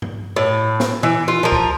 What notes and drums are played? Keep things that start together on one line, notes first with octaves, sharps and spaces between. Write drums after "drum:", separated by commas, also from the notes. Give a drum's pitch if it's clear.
drum: tom G2
A2
drum: snare
E3
F4
F3 A#4
drum: kick